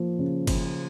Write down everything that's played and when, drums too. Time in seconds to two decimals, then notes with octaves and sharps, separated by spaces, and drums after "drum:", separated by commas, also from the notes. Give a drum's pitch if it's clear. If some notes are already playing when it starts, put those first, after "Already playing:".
Already playing: F3 A#3
0.19 C#3
0.47 C#3, drum: kick G1, cymbal